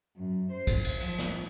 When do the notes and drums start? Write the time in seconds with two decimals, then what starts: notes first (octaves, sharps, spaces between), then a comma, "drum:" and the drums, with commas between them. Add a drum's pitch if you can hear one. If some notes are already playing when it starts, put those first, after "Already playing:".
0.16 F#2
0.50 C5
0.67 drum: kick, cymbal
0.84 drum: cymbal
1.00 F3, drum: cymbal
1.19 drum: snare